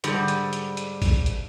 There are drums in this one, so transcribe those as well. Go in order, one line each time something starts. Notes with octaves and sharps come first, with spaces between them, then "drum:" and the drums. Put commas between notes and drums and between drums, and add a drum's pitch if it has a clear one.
G#2 D3 G3, drum: hi-hat
drum: hi-hat
drum: hi-hat
drum: hi-hat
drum: kick G#1, open hi-hat
drum: hi-hat